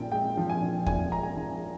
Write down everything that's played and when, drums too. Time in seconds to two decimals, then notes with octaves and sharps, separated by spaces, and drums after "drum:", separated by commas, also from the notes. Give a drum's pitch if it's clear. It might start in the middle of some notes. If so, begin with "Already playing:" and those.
Already playing: A#1 A#2 F3 G5
0.12 G#3 G5
0.37 F3
0.50 G#5
0.62 A#1
0.86 A#2 G#5, drum: kick E2
1.11 G#3 A#5
1.23 G#5
1.36 F3